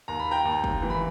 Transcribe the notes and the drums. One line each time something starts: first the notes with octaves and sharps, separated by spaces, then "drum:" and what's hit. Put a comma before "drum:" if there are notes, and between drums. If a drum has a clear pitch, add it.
D#2 A#5
B5
G5 A#5
D#2
drum: kick
E3, drum: tom
B5